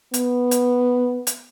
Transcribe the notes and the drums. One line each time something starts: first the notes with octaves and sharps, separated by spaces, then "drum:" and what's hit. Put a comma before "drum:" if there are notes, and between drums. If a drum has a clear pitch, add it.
B3, drum: hi-hat
drum: hi-hat
drum: hi-hat